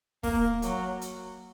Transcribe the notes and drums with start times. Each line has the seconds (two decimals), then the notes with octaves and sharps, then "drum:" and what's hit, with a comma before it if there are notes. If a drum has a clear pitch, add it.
0.23 A#3, drum: kick, open hi-hat
0.62 F#3, drum: hi-hat
1.01 drum: hi-hat